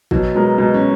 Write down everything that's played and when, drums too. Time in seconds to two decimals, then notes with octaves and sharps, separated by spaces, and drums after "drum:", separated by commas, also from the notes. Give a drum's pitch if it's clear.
0.11 B2 F#3, drum: kick
0.35 F#3 G#3 B3 F#4 A#4
0.58 B2 G#3
0.74 C#4